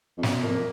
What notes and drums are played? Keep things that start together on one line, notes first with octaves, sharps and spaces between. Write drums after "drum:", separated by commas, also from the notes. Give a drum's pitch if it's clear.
F2
F#2 B2, drum: snare
F2 A#3